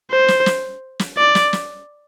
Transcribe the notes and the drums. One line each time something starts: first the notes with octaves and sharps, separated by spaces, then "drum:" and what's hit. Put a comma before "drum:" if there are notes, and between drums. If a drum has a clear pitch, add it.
C5
drum: snare
drum: snare
drum: snare
D5
drum: snare
drum: snare